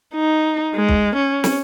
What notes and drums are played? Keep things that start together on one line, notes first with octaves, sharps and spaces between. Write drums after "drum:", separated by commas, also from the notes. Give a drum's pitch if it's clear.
D#4
G#3
drum: kick
C#4
drum: snare